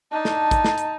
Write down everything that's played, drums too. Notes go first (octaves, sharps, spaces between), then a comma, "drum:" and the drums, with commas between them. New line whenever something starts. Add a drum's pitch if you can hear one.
D4 D#4 A5
drum: snare
drum: kick, hi-hat
drum: snare
drum: hi-hat